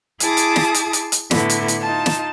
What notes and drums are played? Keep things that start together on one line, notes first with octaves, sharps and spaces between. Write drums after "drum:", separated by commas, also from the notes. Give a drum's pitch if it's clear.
E4 G#4 A5 D6 D#6, drum: hi-hat
drum: hi-hat
drum: snare
drum: hi-hat
drum: hi-hat
drum: hi-hat
A2 D3 B3 E4, drum: snare
drum: hi-hat
drum: hi-hat
D#4 F4 A5
drum: snare